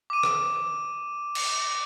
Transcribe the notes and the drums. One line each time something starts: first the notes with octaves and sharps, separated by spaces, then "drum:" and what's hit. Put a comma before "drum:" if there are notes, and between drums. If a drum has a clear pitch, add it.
D6 D#7
drum: rim click
drum: cymbal